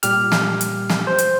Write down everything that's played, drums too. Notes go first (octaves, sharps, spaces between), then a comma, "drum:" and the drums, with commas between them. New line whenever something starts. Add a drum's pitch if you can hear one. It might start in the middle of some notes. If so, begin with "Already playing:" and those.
A#2 G3 G4 F6, drum: hi-hat
drum: snare
drum: hi-hat
drum: snare
C5
drum: hi-hat